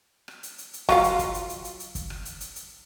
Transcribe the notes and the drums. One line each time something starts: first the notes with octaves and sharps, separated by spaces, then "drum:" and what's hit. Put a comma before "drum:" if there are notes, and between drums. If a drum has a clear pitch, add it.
drum: rim click
drum: hi-hat
drum: hi-hat
drum: hi-hat
F#3 F4 F5, drum: kick, open hi-hat
drum: hi-hat
drum: kick, hi-hat
drum: hi-hat
drum: hi-hat
drum: hi-hat
drum: hi-hat
drum: kick, hi-hat
drum: rim click
drum: hi-hat
drum: hi-hat
drum: hi-hat